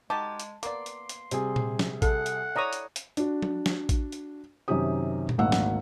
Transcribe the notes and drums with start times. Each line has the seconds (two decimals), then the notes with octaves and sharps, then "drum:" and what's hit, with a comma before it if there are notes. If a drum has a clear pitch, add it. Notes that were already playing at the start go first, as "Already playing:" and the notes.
0.10 G#3 D#4 F#4 G4 A5
0.40 drum: hi-hat
0.63 A#3 B3 D5 C6 D6, drum: hi-hat
0.86 drum: hi-hat
1.09 drum: hi-hat
1.31 C3 G3 G#4, drum: hi-hat
1.56 drum: tom A#2
1.79 drum: snare
2.02 A4 F#5, drum: kick A1, hi-hat
2.26 drum: hi-hat
2.56 E4 C#5 D5 A#5 D#6
2.73 drum: hi-hat
2.96 drum: hi-hat
3.17 D4 F#4, drum: hi-hat
3.43 drum: tom F#3
3.66 drum: snare
3.89 drum: kick A1, hi-hat
4.12 drum: hi-hat
4.68 F#2 C3 D#3 C#4 G4 D#6
5.29 drum: tom A#2
5.38 G#1 D2 A#3 F#5 E6
5.52 drum: snare